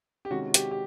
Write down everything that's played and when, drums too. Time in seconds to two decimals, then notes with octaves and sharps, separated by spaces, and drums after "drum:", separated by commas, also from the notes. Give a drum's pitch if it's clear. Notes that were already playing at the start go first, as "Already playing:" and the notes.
0.25 G4
0.31 C3 D#3 G#3 C#4 F#4
0.54 G4, drum: hi-hat
0.71 G4